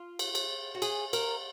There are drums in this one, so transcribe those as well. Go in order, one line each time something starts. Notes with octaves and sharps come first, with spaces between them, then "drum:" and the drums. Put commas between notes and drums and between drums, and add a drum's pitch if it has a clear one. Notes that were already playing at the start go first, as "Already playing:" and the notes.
Already playing: F4
drum: cymbal
drum: cymbal
F#4
G#4, drum: cymbal
A#4, drum: cymbal